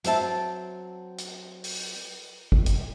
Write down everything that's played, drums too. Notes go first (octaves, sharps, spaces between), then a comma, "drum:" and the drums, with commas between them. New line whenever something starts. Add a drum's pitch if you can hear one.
F#3 C4 E5 A5, drum: hi-hat
drum: hi-hat
drum: open hi-hat
drum: kick
drum: hi-hat